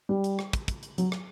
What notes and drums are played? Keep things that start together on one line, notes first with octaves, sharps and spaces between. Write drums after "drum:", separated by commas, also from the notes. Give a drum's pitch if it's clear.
G3
drum: hi-hat
drum: rim click
drum: kick, hi-hat
drum: kick, hi-hat
drum: hi-hat
F#3, drum: hi-hat
drum: rim click